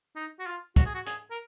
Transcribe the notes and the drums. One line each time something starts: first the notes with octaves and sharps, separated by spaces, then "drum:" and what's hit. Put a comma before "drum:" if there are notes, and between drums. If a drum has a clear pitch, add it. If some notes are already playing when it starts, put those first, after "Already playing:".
D#4
F#4
F4
F#4, drum: kick, hi-hat
G#4
F#4
G#4, drum: hi-hat
A#4